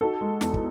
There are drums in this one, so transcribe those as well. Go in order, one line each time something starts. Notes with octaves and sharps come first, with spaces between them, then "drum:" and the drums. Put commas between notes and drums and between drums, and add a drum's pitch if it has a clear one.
D#4 F#4 A4
G#3
E2, drum: snare
drum: kick